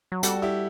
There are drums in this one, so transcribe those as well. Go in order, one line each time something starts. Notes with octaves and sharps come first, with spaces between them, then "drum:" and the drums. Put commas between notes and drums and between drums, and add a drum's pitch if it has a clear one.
F#3
G3 F#4 A4, drum: hi-hat
E4 G4